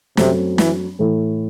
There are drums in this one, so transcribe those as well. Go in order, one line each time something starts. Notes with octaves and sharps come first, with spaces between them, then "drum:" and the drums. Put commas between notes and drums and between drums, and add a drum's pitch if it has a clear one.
F#2 C3 F#3 A3 C4 F#4, drum: snare
E3, drum: snare
A2 E3 A3 E4 A4